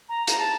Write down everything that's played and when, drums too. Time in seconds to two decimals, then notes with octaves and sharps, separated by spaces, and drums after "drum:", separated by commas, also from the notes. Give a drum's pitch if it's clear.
0.09 A#5
0.27 A#5, drum: hi-hat
0.39 A5